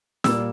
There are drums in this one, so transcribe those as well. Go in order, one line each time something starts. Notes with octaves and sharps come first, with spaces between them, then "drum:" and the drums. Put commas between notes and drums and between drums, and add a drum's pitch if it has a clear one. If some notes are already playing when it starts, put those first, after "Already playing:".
A#2 G3 A#3 E6, drum: snare